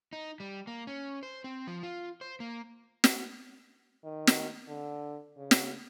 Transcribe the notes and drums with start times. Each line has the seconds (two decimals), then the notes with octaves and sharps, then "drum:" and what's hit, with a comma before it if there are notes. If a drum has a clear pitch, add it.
0.13 D#4
0.40 G3
0.67 A#3
0.87 C#4
1.23 C5
1.44 C4
1.67 F3
1.83 F4
2.21 C5
2.40 A#3
3.04 drum: snare
4.04 D#3
4.27 drum: snare
4.68 D3
5.37 C#3
5.51 drum: snare